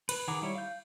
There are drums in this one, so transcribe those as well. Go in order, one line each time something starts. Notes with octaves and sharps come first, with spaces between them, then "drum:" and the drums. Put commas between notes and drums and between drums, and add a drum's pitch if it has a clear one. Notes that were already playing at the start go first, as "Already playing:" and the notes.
B4, drum: cymbal
D#3 G#4 F#5 A#5 D6
G3 E4 C#5
F5 G6